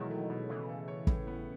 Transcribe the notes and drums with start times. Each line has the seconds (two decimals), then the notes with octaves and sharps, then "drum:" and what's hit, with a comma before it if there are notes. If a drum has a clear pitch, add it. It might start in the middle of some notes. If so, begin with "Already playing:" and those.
Already playing: B2 D#3 E3 F#3 G#3 E4
0.11 A3
0.30 B2
0.49 C#3 E3 A3
0.69 A4
0.88 C#5
1.07 A2, drum: kick
1.27 B3